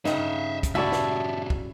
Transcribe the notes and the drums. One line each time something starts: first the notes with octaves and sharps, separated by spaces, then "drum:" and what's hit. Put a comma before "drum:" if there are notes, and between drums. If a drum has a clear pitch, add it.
G2 C#3 D#4 D#5 E5 A#5, drum: snare
drum: kick, hi-hat
C#3 E4 F#4 G4 D5 E5 A5 C#6
drum: snare
drum: kick